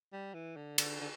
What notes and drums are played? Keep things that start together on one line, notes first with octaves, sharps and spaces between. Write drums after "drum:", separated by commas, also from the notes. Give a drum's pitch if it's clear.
G3
E3
D3
D3, drum: cymbal
D3